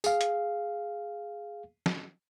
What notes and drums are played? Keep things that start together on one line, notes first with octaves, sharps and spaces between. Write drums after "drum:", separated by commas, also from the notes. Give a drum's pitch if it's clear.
G#4 F5, drum: tambourine
drum: hi-hat
drum: snare